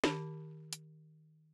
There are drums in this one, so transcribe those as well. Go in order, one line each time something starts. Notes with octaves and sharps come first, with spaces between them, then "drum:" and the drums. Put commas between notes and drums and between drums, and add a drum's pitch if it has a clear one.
D#3 G4 B5, drum: snare
drum: hi-hat